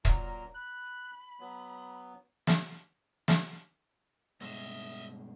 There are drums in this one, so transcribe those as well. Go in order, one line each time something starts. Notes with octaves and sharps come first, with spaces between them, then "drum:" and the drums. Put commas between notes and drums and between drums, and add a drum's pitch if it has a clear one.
A#2 F#3 A#5, drum: kick
B5 F#6
F#3 B3
drum: snare
drum: snare
G2 B2 G#3 D#5 E5